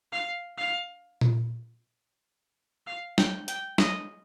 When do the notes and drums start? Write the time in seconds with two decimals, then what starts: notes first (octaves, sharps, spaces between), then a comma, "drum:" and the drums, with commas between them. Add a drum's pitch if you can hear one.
0.12 F5
0.58 F5
1.21 drum: tom A#2
2.87 F5
3.18 G5, drum: snare
3.48 G5, drum: hi-hat
3.78 D#5, drum: snare